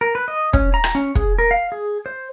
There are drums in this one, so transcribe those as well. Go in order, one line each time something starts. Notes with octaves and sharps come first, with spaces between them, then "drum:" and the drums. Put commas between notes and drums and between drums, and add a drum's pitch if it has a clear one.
A#4
B4
D#5
C#4, drum: kick
A#5
drum: rim click
C#4
G#4, drum: kick
A#4
F5
G#4
C5